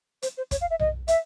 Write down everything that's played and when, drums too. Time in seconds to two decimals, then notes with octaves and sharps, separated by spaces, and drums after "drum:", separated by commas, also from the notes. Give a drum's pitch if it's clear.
0.22 C5, drum: hi-hat
0.37 C5
0.51 C#5, drum: kick, hi-hat
0.61 F5
0.70 E5
0.79 D#5, drum: tom B1
1.08 E5, drum: hi-hat